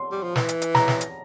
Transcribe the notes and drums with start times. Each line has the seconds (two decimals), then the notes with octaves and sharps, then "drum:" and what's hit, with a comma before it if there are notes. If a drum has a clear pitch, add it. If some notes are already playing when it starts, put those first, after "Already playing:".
Already playing: C6
0.11 G3
0.23 F3
0.36 E3, drum: snare
0.49 drum: hi-hat
0.62 drum: hi-hat
0.75 A#5, drum: snare
0.88 drum: snare
1.01 drum: hi-hat